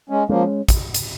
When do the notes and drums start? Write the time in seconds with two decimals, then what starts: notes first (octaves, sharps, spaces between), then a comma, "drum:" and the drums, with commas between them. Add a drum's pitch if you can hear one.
0.10 G#3 C#4
0.29 F3 G#3 A#3 C#4
0.68 drum: kick, hi-hat
0.94 drum: hi-hat